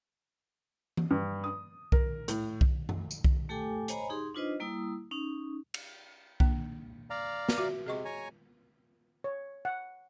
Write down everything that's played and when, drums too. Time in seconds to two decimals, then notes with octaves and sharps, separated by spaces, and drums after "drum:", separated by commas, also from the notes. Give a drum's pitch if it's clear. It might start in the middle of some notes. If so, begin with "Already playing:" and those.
0.97 drum: tom E3
1.11 G2
1.44 D#6
1.92 A#4, drum: kick B1
2.28 A2, drum: hi-hat
2.61 drum: kick B1
2.89 drum: tom F#2
3.11 drum: tambourine
3.24 drum: kick B1
3.49 A3 G4 A4 G5 G#5 D6
3.88 C5 C#5 D#5 G#5 A#5 B5, drum: hi-hat
4.10 D#4 G4 G#4 C6
4.35 D4 D#4 F4 B4 C5 D#5
4.60 G3 A#3 E4 D#6 E6
5.11 C#4 D#4
5.74 drum: cymbal
6.40 A#3 D4, drum: kick B1
7.10 D5 F5 A#5
7.49 drum: snare
7.58 F#4 E5
7.86 C3 G#4 D#5 C#6
8.05 C#5 G#5 A#5
9.24 C#5
9.65 F#5